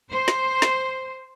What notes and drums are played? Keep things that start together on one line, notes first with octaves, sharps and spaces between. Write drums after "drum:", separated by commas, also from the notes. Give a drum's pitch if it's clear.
C5
drum: snare
drum: snare